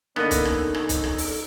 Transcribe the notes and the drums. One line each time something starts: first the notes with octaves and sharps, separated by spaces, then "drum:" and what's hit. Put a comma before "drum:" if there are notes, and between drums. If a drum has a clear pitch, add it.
D3 A#3 B3 C#4 D#4 A4 D#5, drum: rim click
drum: kick, hi-hat
drum: rim click
drum: rim click
drum: kick, hi-hat
drum: rim click
drum: open hi-hat